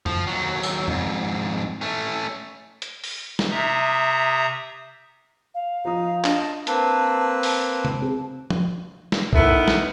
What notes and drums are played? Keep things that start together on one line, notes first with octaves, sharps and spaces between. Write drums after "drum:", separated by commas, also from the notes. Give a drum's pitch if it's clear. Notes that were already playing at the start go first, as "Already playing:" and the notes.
F3, drum: tom F2
D#2 F#3
drum: tambourine
F2 G#2, drum: tom F2
A3 C#4
drum: hi-hat
drum: open hi-hat
drum: snare
C3 E5 A#5 D#6
F5
F3 D#4 D#6
D4 D#5 A5, drum: clap
A#3 C4 B4 A5, drum: hi-hat
A5, drum: open hi-hat
drum: tom C3
C4 G#4
drum: tom F3
drum: snare
D#3 A3 B3 E4, drum: kick B1
drum: snare